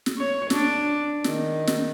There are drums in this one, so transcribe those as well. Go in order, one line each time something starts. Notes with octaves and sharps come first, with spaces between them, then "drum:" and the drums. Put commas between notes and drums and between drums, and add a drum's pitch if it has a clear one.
drum: snare
C#5
D4, drum: snare
D#3, drum: snare
drum: snare